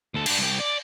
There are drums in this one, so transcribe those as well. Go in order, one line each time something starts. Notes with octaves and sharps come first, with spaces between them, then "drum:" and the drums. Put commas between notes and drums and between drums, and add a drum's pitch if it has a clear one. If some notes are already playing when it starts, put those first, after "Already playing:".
D2 A4
G3 D4, drum: cymbal
C2 G4
D5